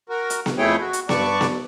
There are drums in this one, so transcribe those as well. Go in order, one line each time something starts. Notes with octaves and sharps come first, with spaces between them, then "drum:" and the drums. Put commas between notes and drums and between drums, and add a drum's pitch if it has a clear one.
F#4 A#4
drum: hi-hat
drum: snare B3
F2 A3 E4 G#4 C#5 G5
F#4
drum: hi-hat
G2 B3 D5 A5 C#6, drum: snare B3
drum: snare B3